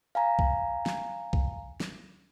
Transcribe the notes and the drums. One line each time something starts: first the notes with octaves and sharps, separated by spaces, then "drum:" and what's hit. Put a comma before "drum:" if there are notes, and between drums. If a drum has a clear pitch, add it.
F5 G#5 A#5
drum: kick
drum: snare
drum: kick
drum: snare